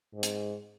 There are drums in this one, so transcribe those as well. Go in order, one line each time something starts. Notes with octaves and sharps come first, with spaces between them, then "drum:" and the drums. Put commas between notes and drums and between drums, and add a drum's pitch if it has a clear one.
G#2
drum: hi-hat